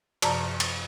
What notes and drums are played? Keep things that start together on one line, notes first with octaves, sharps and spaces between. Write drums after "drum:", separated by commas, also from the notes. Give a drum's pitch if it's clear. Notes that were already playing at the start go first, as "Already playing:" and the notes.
F#2 C3 F3 D5 A5 A#5, drum: cymbal
drum: cymbal